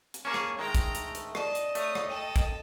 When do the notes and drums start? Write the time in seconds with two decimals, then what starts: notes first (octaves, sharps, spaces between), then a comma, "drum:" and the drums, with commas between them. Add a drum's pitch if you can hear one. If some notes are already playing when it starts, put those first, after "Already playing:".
0.14 drum: hi-hat
0.25 A#3 C#4 G#4 A5 C#6
0.34 drum: rim click
0.59 D#3 G#3 A3 G5 A#5
0.75 drum: kick, hi-hat
0.95 drum: hi-hat
1.15 drum: hi-hat
1.35 D5 D#5 A5, drum: rim click
1.55 drum: hi-hat
1.75 A3 C#5 D#6, drum: hi-hat
1.95 drum: rim click
2.09 A4 G5
2.36 drum: kick, hi-hat